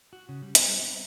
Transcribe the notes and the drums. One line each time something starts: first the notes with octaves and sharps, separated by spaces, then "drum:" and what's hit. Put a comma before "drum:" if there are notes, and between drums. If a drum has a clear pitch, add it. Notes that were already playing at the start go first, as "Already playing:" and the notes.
F#4
C#3
G3
B3, drum: hi-hat
G3
C4